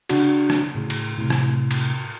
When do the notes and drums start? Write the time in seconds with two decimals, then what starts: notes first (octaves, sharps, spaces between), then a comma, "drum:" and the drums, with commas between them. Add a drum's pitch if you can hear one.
0.10 C#3 D4 F#4, drum: cymbal
0.50 drum: rim click
0.75 A2 C#3
0.90 drum: cymbal
1.18 A2 C3
1.30 drum: rim click
1.71 drum: cymbal